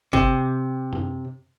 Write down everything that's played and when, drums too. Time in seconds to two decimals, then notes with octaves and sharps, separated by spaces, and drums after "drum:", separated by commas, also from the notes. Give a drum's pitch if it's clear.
0.13 C3, drum: kick F#1
0.93 drum: tom